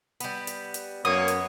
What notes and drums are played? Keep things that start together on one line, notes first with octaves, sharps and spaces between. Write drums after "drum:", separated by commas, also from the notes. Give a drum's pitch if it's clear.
G3 B3, drum: hi-hat
drum: hi-hat
drum: hi-hat
F#2 A#3 B3 C#5 D#6
drum: hi-hat